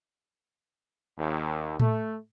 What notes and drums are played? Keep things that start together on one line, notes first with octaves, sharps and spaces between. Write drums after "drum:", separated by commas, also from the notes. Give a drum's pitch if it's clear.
D#2
A3, drum: tom A2